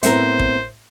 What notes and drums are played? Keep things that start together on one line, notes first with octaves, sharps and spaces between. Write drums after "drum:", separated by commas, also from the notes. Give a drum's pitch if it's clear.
A2 B3 C4 A#4 C5 E5, drum: hi-hat
drum: kick